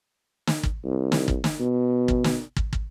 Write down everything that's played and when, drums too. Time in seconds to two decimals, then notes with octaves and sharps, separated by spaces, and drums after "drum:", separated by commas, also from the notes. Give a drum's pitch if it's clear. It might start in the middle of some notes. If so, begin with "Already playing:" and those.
0.47 drum: snare
0.63 drum: kick
0.85 C2
1.12 drum: snare
1.28 drum: kick
1.44 drum: snare
1.60 B2
2.08 drum: kick
2.24 drum: snare
2.56 drum: kick
2.73 drum: kick